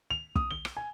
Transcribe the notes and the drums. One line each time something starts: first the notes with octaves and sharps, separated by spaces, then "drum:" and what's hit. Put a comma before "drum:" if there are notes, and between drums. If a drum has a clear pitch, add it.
F7
D#6, drum: kick
G7
drum: rim click
G#5